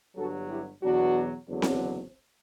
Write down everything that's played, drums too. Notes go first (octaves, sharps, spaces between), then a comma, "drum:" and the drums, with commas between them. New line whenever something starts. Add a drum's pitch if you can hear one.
G1 G2 F#3 F#4 A4
E4 G4
E2 B2 F#3 D4 F#4
F#1 E2 D3 F#3
drum: snare C4